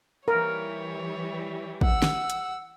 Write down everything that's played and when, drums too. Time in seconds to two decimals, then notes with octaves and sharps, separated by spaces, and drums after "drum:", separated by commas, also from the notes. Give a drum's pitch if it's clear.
0.28 E3 G3 A#4 C#5
1.81 F#5 E6, drum: kick
2.02 drum: snare
2.30 drum: hi-hat